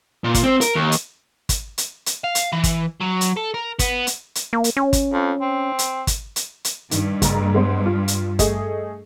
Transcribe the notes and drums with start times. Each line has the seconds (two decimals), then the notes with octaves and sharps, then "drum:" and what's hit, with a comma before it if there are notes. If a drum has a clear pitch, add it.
0.24 A#2
0.34 drum: kick, hi-hat
0.44 C4
0.61 A#4, drum: hi-hat
0.75 D#2
0.92 drum: hi-hat
1.49 drum: kick, hi-hat
1.78 drum: hi-hat
2.06 drum: hi-hat
2.24 F5
2.35 drum: hi-hat
2.52 E3
2.64 drum: kick, hi-hat
3.01 F#3
3.21 drum: hi-hat
3.37 A4
3.54 A#4
3.79 B3, drum: kick, hi-hat
4.07 drum: hi-hat
4.35 drum: hi-hat
4.53 A#3
4.64 drum: hi-hat
4.77 C#4
4.93 drum: kick, hi-hat
5.13 F2
5.41 C4
5.79 drum: hi-hat
6.07 drum: kick, hi-hat
6.36 drum: hi-hat
6.65 drum: hi-hat
6.91 G2 D#3, drum: hi-hat
7.22 F#1 A#5, drum: kick, hi-hat
7.54 G#3 B3 C5
7.86 F4
8.08 drum: hi-hat
8.39 A3 G#4 D#5, drum: kick, hi-hat